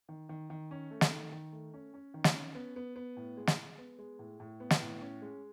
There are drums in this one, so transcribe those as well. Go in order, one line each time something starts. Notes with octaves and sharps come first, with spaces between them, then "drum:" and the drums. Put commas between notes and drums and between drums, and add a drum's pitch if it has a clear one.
D#3
D#3
D#3
C#4
A3
drum: snare
D#3
D#3
A3
C#4
C#4
D#3
drum: snare
C#4
B3
B3
B3
A2
G#3
drum: snare
G#3
B3
G#3
A2
A2
B3
drum: snare
A2
C#4
G#3